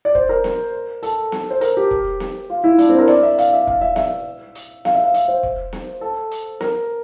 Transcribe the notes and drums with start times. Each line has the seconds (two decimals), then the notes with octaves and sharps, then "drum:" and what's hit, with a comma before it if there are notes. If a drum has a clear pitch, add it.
0.05 D5
0.15 C5, drum: kick
0.29 A#4
0.44 drum: snare B3
1.03 A4, drum: hi-hat
1.32 drum: snare B3
1.50 C5
1.61 A#4, drum: hi-hat
1.77 G4
1.91 drum: kick
2.20 drum: snare B3
2.50 F4
2.64 E4
2.78 D4, drum: hi-hat
2.89 C4
2.99 A#4
3.08 D5, drum: snare B3
3.23 E5
3.38 F5, drum: hi-hat
3.53 E5
3.67 F5, drum: kick
3.81 E5
3.96 E5, drum: snare B3
4.55 drum: hi-hat
4.85 F5, drum: snare B3
4.94 E5
5.04 F5
5.14 E5, drum: hi-hat
5.28 C5
5.43 drum: kick
5.73 drum: snare B3
6.01 A4
6.31 drum: hi-hat
6.61 A#4, drum: snare B3